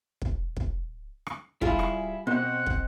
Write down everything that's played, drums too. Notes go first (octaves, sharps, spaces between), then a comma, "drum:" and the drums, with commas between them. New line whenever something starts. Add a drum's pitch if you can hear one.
drum: kick
drum: kick
drum: rim click
G3 E4 F4 G#4 G#5, drum: kick
drum: rim click
B2 C4 C5 D#5 F#5
drum: kick